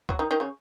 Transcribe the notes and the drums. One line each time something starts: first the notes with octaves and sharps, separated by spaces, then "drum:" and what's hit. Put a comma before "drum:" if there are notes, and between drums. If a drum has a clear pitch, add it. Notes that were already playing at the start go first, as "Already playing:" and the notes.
F#3 F#4, drum: kick
D#3 D#4
D#3 D#4
C#3 C#4